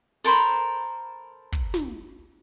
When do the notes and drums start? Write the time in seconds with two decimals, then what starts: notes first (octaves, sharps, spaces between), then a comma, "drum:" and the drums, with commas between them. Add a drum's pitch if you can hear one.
0.24 A4 A#4 C5 B5
1.52 drum: kick
1.74 drum: snare